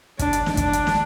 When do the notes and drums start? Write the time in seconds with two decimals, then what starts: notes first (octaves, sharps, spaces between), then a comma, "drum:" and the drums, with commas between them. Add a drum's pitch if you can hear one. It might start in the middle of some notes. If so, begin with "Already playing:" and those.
0.19 D4, drum: kick, hi-hat
0.33 drum: hi-hat
0.46 drum: snare
0.57 D4, drum: kick, hi-hat
0.73 drum: hi-hat
0.87 drum: snare